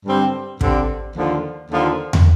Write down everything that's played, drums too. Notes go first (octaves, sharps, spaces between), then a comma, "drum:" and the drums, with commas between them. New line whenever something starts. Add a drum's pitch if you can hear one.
G2 D3 G3 C4
G2 D3 G3 C4, drum: kick
D#2 D3 F3
D#2 D3 F3
drum: tom